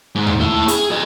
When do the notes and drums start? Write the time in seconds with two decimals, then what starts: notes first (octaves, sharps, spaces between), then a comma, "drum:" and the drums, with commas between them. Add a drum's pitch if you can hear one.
0.15 G#2
0.27 drum: tom D#2
0.40 A3 E4
0.68 G#4, drum: hi-hat
0.91 A4 D#5